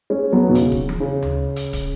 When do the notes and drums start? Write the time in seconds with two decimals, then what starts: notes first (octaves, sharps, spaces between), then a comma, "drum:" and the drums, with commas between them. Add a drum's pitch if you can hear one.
0.10 G#3 C#4
0.32 F#3 B3
0.49 B2
0.55 C#3, drum: hi-hat
0.72 drum: kick
0.89 drum: tom E3
1.00 C#3
1.22 drum: tom D2
1.56 drum: hi-hat
1.73 drum: kick, hi-hat